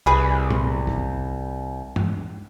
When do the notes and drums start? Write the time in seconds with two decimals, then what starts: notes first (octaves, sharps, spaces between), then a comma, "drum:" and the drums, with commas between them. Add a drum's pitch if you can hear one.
0.06 C2 E3 G#4 B4
0.51 drum: tom
0.87 drum: kick
1.96 drum: tom